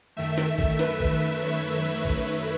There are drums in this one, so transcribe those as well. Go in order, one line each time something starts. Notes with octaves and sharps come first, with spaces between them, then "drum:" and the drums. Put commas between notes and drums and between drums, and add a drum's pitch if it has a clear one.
F#2 D#3 A3 E5
drum: snare
drum: kick
B4, drum: snare
drum: kick
C#5
E5, drum: kick